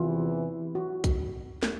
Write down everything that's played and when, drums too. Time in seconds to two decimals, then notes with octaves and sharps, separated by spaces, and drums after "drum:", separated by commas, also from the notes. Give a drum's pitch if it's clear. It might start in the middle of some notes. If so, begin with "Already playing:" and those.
Already playing: E2 C3 E3 F4
0.75 F#4
1.04 drum: kick B1, hi-hat
1.63 drum: snare